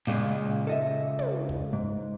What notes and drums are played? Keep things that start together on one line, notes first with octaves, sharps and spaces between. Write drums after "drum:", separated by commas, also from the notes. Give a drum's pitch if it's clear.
C#2 A#2 G#3
A4 D#5 E5
drum: tom
drum: kick
G#2